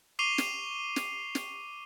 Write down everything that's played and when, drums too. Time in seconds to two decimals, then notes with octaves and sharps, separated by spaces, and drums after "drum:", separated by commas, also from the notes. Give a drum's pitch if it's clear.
0.19 C#6 D6 C7 D#7 F7 G7
0.38 drum: snare
0.96 drum: snare
1.35 drum: snare